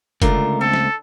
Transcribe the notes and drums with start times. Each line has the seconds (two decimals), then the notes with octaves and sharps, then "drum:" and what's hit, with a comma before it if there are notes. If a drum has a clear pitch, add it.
0.22 C#2 D3 A3 F4 A#4, drum: kick F1, hi-hat
0.61 C4 A4
0.74 drum: snare